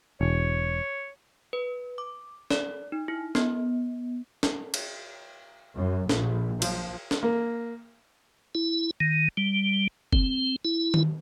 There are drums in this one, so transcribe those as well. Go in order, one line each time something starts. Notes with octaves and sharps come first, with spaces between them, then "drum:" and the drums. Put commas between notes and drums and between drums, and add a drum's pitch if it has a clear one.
E1 C#5
B4
D6
D5, drum: snare
D#4
E4
B3, drum: snare
drum: snare
drum: cymbal
F#2
A#1, drum: snare
F3, drum: cymbal
drum: snare
A#3
E4
D#3
G3
C4, drum: kick
E4
drum: tom D#3